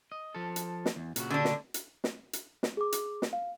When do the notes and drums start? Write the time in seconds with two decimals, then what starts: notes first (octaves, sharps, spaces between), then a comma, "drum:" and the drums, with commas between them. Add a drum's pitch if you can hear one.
0.12 D#5
0.35 F3 A4
0.56 drum: hi-hat
0.86 drum: snare
0.96 E2
1.16 A#2 C#3 F#4, drum: hi-hat
1.30 D3 D4
1.45 drum: snare
1.74 drum: hi-hat
2.04 drum: snare
2.33 drum: hi-hat
2.63 drum: snare
2.77 G#4 D6
2.92 drum: hi-hat
3.22 drum: snare
3.33 F5